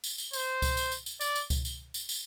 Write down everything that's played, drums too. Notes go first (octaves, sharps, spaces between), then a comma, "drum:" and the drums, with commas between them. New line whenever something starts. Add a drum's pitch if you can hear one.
drum: tambourine
drum: tambourine
C5, drum: tambourine
drum: kick C#2, tambourine
drum: tambourine
drum: tambourine
drum: tambourine
D5, drum: tambourine
drum: tambourine
drum: kick C#2, tambourine
drum: tambourine
drum: tambourine
drum: tambourine